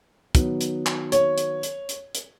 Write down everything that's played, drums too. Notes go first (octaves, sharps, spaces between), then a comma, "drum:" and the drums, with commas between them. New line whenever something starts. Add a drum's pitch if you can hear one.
D#3 F#3 B3, drum: kick, hi-hat
drum: hi-hat
drum: clap
C#5, drum: hi-hat
drum: hi-hat
drum: hi-hat
drum: hi-hat
drum: hi-hat